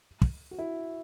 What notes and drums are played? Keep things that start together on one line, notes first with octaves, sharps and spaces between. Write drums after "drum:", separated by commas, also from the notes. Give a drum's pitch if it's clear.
drum: kick
F#4
E4